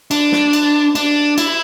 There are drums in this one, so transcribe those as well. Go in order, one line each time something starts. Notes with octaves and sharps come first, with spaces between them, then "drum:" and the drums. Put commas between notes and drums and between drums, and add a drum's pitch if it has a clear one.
D4, drum: cymbal
drum: snare
drum: cymbal
D4, drum: cymbal
E4, drum: cymbal